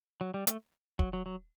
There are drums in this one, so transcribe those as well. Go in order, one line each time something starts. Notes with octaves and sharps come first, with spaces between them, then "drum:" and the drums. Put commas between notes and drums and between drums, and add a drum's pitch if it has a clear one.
F#3
G3
A3, drum: hi-hat
F#3, drum: kick
F#3
F#3